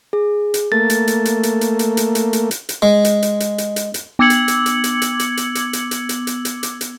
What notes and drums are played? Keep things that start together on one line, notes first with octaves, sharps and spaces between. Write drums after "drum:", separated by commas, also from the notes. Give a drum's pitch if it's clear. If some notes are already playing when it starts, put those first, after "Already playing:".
G#4
drum: hi-hat
A3 A#3 A6
drum: hi-hat
drum: hi-hat
drum: hi-hat
drum: hi-hat
drum: hi-hat
drum: hi-hat
drum: hi-hat
drum: hi-hat
drum: hi-hat
drum: hi-hat
drum: hi-hat
G#3
drum: hi-hat
drum: hi-hat
drum: hi-hat
drum: hi-hat
drum: hi-hat
drum: hi-hat
B3 D6 E6 G#6 C#7 F#7
drum: hi-hat
drum: hi-hat
drum: hi-hat
drum: hi-hat
drum: hi-hat
drum: hi-hat
drum: hi-hat
drum: hi-hat
drum: hi-hat
drum: hi-hat
drum: hi-hat
drum: hi-hat
drum: hi-hat
drum: hi-hat
drum: hi-hat